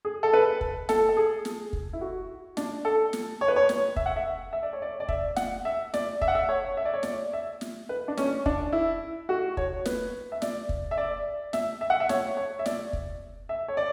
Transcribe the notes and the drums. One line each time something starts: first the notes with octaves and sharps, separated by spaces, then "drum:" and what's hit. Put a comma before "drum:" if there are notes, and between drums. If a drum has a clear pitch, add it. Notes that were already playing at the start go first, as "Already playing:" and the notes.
G#4
A4
B4
drum: kick
A4, drum: snare
A4
G#4
drum: snare
drum: kick
E4
F#4
D4, drum: snare
A4
drum: snare
C#5
B4
C#5
drum: snare
E5, drum: kick
F#5
E5
E5
D5
C#5
D5
D5
E5, drum: kick
F#5, drum: snare
E5
D5, drum: snare
E5, drum: kick
F#5
E5
C#5
E5
D5
C#5
D5, drum: snare
E5
drum: snare
B4
D4
C#4, drum: snare
D4, drum: kick
E4
F#4
C#5, drum: kick
B4, drum: snare
E5
D5, drum: snare
drum: kick
E5
D5
E5, drum: snare
E5
F#5
E5
C#5, drum: snare
C#5
E5
D5, drum: snare
drum: kick
E5
C#5
D5